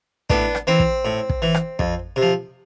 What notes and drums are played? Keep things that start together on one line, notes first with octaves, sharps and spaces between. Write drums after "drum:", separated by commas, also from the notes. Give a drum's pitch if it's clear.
A2 B3 D4, drum: kick
drum: rim click
E3 C4
drum: kick
A2
drum: kick
E3
drum: rim click
F2, drum: kick
C3
F3